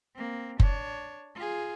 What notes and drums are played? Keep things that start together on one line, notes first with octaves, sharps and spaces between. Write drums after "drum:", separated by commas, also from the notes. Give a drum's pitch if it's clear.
A#3 C4
D4 C#5, drum: kick F#1
F4 G#4